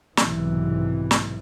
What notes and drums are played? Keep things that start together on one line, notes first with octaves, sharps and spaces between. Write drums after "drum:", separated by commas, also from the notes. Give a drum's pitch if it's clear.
B1 G#2 C3 E3, drum: snare
drum: snare